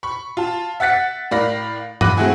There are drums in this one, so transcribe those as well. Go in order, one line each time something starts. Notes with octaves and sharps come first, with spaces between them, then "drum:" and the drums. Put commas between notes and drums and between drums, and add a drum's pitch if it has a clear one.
B5 C#6
F4 A5
E5 F#5 F#6 A6 B6 C#7
A2 A#4 D5 F5 B5 A#6
B5 D6 F#6 A#6 D#7, drum: tom G2
A3 C4 E4 F#4 G#4